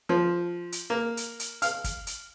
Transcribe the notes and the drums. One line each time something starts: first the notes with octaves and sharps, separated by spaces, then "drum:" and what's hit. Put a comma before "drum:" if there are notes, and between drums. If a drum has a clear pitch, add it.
F3
drum: hi-hat
A#3
drum: hi-hat
drum: hi-hat
F5, drum: hi-hat
drum: kick, hi-hat
drum: hi-hat